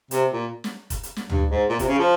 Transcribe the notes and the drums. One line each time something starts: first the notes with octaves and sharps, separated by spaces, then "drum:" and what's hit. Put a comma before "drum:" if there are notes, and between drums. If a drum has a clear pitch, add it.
C3, drum: hi-hat
A#2
drum: snare
drum: kick F1, hi-hat
drum: hi-hat
drum: snare
G2, drum: tom
G#2
A#2
C3, drum: kick F1, hi-hat
C#3
F3